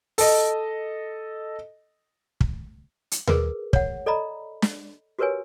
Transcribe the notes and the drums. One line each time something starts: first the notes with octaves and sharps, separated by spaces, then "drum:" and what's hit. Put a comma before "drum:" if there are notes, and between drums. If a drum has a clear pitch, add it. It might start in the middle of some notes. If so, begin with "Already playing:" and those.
A4 D#5, drum: open hi-hat
drum: kick
drum: hi-hat
G#4 A#4 B4, drum: tom D#2
C#5 F#5, drum: kick
A4 D5 D#5 A#5 B5
drum: snare
F#4 G4 A#4 B4 C#5 G#5